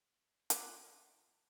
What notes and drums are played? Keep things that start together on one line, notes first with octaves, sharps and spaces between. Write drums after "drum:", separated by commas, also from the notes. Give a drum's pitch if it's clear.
F4 B4 D5, drum: hi-hat